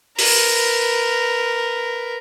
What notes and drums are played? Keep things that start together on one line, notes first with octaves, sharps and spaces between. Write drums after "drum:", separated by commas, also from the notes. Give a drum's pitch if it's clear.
A#4 B4, drum: open hi-hat